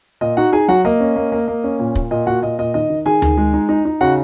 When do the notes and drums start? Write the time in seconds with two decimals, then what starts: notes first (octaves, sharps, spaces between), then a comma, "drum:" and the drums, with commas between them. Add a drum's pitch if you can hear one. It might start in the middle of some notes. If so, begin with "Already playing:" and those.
0.21 A#2 D#5
0.37 D#4 F#4 F#5
0.52 D#4 G#4 G#5
0.68 F#3 F#4 F#5
0.85 A#3 D#5
1.00 C#4
1.16 A#3
1.32 A#3
1.48 A#3
1.64 C#4
1.79 A#2
1.95 A#2, drum: kick
2.11 A#2 D#5
2.26 A#2 F#4 F#5
2.42 A#2 D#5
2.59 A#2 D#5
2.74 D#3 D#5
2.90 D#3
3.06 D#3 G#4 G#5
3.22 D#3, drum: tom D2
3.37 G#3
3.54 D#4
3.69 D#4
3.85 D#4
4.01 C#3 F#4 F#5